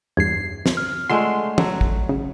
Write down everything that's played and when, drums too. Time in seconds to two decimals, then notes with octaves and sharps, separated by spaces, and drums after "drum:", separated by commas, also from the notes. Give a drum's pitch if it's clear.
0.17 E2 G2 G#6 C7
0.66 drum: snare
0.77 F6
1.09 G#3 A3 D4 F4 F#5 C6
1.58 F#3 A3, drum: tom
1.81 drum: kick
2.09 C#3